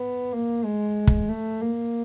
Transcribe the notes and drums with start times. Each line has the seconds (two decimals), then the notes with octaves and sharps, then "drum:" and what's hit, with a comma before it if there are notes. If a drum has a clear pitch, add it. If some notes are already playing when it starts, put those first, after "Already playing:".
Already playing: B3
0.32 A#3
0.64 G#3
1.07 drum: kick
1.29 A3
1.61 A#3